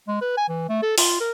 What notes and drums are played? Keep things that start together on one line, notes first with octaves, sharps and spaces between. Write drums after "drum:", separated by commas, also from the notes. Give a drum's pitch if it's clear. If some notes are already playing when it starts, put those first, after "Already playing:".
G#3
B4
G#5
E3
A3
A4
F4, drum: open hi-hat
A#4